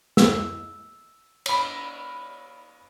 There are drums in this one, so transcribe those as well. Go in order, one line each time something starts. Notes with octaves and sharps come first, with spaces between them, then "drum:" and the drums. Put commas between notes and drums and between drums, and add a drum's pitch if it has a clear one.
E6, drum: snare
C#5 B5, drum: cymbal